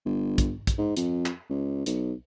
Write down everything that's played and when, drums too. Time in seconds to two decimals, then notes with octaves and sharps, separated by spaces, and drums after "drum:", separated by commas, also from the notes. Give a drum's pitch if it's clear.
0.06 G1
0.38 drum: kick, hi-hat
0.67 drum: kick, hi-hat
0.78 G#2
0.97 F2, drum: hi-hat
1.26 drum: clap
1.50 C#2
1.86 B1, drum: hi-hat